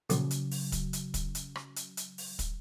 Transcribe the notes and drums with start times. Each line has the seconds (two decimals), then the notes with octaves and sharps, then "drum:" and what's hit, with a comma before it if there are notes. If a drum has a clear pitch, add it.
0.10 A#1 C#3 F#3, drum: hi-hat
0.31 drum: hi-hat
0.51 drum: open hi-hat
0.72 drum: kick, hi-hat
0.93 drum: hi-hat
1.14 drum: kick, hi-hat
1.35 drum: hi-hat
1.56 drum: rim click
1.76 drum: hi-hat
1.97 drum: hi-hat
2.18 drum: open hi-hat
2.39 drum: kick, hi-hat